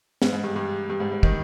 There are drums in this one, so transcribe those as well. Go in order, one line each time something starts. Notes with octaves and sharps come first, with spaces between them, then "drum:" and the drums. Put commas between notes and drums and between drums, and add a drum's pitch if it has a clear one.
G#2, drum: snare
G#2
G2
G2
G2
G#2
G#2
D#3, drum: kick